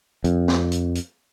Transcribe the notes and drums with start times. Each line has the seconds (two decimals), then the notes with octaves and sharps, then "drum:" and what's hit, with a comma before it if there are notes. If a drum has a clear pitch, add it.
0.24 F2, drum: hi-hat
0.48 drum: snare
0.72 drum: hi-hat
0.95 drum: hi-hat